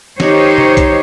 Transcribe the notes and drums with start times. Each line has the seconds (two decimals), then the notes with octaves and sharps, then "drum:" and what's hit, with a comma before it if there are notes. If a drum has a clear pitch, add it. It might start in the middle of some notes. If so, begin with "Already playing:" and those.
0.20 D#3 D#4 G4 C5 C#5, drum: snare
0.58 drum: tom
0.77 drum: kick C2, hi-hat